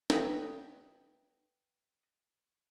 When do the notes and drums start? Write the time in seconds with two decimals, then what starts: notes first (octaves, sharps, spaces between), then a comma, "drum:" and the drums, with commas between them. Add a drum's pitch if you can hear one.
0.10 B4 D#5 F#5 G5, drum: snare